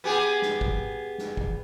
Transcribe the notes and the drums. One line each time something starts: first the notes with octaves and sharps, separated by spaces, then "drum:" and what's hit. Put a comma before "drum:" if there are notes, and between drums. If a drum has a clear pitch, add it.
B3 G4 G#4
drum: snare
drum: kick
drum: snare
drum: kick